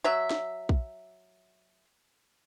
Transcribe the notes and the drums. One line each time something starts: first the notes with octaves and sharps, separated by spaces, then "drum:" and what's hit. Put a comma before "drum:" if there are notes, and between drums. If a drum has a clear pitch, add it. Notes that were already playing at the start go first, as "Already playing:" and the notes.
F#3 E5
drum: snare
drum: kick